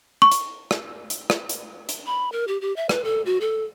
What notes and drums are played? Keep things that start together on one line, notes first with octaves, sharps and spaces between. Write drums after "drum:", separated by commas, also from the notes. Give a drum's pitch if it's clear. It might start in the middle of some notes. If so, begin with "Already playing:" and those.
C#6
drum: hi-hat
drum: rim click
drum: hi-hat
drum: rim click
drum: hi-hat
drum: hi-hat
B5
A#4
G4
G4
E5
B4, drum: rim click
A4
F#4
A4